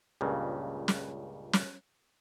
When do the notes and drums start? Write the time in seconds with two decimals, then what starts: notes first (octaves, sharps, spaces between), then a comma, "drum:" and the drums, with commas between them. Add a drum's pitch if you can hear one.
0.21 C#2 G2 A#2 C#3
0.88 drum: snare
1.53 drum: snare